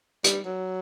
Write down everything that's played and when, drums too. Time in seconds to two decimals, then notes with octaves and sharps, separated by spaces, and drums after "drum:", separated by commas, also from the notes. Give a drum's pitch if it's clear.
0.24 G3, drum: hi-hat
0.46 F#3